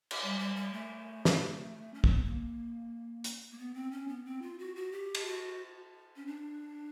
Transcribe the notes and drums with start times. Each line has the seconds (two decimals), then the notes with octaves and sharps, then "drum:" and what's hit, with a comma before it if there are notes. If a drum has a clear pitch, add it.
0.11 drum: cymbal
0.23 G3
0.39 G3
0.56 G3
0.73 A3
1.25 drum: snare
1.94 C#4
2.04 C4, drum: kick
2.14 B3
2.24 A#3
3.24 drum: hi-hat
3.52 A#3
3.58 B3
3.74 C4
3.91 C#4
4.08 B3
4.25 C4
4.42 F4
4.59 F#4
4.76 F#4
4.92 G4
5.15 drum: cymbal
5.25 F#4
6.16 C#4
6.27 D4